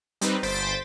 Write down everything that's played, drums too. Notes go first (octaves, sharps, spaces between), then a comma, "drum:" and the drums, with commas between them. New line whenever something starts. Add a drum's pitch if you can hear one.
G3 C4 D#4 B4, drum: hi-hat
G1 C5 A6 B6 D7